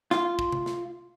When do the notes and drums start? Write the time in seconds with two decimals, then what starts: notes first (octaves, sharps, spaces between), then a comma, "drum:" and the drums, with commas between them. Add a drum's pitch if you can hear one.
0.11 F4, drum: snare
0.39 drum: kick
0.52 drum: tom C3
0.66 drum: snare